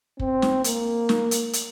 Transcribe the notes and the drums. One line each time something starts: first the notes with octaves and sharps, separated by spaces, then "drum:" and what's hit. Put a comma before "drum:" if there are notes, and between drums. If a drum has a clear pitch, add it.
C4, drum: kick
drum: snare
A#3, drum: hi-hat
drum: snare
drum: hi-hat
drum: hi-hat